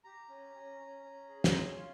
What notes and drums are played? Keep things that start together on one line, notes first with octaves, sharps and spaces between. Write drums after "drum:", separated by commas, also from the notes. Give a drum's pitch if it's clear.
G4 A#5
C#4
C#4
C#4
C#4
G#4
A#5, drum: snare
C#4 C6
F4